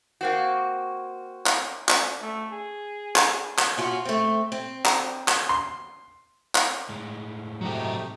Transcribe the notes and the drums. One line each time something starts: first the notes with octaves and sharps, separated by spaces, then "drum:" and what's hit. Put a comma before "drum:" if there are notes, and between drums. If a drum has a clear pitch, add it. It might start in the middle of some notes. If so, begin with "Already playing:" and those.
A#3 C4 F#4
drum: clap
drum: clap
A3
G#4
drum: clap
drum: clap
C#4 F4 F#4
A3 C4
C4
drum: clap
drum: clap
C6
drum: clap
A2 G#3
C3 F#3 A3 D#4 G4